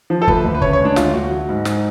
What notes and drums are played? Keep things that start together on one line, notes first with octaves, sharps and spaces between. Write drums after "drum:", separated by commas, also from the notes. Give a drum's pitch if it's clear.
F3
A4
D2 B4, drum: kick
D2
B4
C#3 C#5, drum: kick
C#5
G#3
D4
D2 F4, drum: snare
D2 F#4
F#3
G#2
G#2, drum: snare